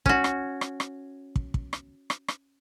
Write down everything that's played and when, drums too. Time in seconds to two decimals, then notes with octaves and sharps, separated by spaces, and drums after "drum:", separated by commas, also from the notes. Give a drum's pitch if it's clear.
0.06 C#4 F#4, drum: kick
0.24 drum: rim click
0.61 drum: rim click
0.80 drum: rim click
1.36 drum: kick
1.54 drum: kick
1.73 drum: rim click
2.10 drum: rim click
2.28 drum: rim click